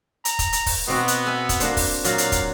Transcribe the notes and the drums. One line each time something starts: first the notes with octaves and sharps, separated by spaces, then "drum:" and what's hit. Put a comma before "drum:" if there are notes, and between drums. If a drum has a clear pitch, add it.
A#5, drum: hi-hat
drum: kick, hi-hat
drum: hi-hat
drum: kick, open hi-hat
B2 B3 C4 F#4
drum: hi-hat
E5 G#5
drum: kick, hi-hat
A#3 D4 C5, drum: hi-hat
drum: kick, open hi-hat
A#2 F#3 F5, drum: hi-hat
drum: hi-hat
drum: kick, hi-hat